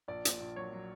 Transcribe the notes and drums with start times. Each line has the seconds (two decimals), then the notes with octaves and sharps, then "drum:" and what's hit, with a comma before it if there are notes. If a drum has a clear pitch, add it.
0.08 A#1 D5
0.25 A#2, drum: hi-hat
0.40 A#1
0.56 F#3 C#5
0.73 F#3